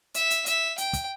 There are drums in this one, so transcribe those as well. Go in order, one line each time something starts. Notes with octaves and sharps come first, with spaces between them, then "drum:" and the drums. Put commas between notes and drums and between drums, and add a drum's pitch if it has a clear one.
E5, drum: hi-hat
drum: hi-hat
E5, drum: hi-hat
G5, drum: hi-hat
drum: kick, hi-hat